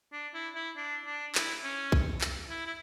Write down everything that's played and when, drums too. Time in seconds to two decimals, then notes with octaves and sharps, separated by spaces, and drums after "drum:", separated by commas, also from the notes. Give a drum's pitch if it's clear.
0.13 D4
0.34 E4
0.55 E4
0.77 D4
1.06 D4
1.35 E4, drum: clap
1.64 C#4
1.92 drum: kick B1
2.21 drum: clap
2.50 E4
2.67 E4